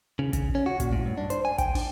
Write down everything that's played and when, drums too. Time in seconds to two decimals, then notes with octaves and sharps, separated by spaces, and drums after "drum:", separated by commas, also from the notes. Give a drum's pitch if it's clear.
0.19 C#3
0.33 C#3, drum: kick, hi-hat
0.55 C#4
0.66 F#4
0.80 A#2, drum: kick, hi-hat
0.93 A2
1.05 G2
1.17 D4
1.30 C5, drum: hi-hat
1.45 G#5
1.58 G5, drum: kick, hi-hat
1.75 D4, drum: open hi-hat